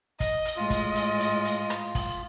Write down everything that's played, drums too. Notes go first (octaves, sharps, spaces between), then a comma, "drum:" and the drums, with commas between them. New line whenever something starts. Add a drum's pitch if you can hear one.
D#5, drum: kick, hi-hat
drum: hi-hat
A2 G#3 F4 D#5
drum: kick, hi-hat
drum: hi-hat
drum: hi-hat
drum: hi-hat
drum: rim click
drum: kick, open hi-hat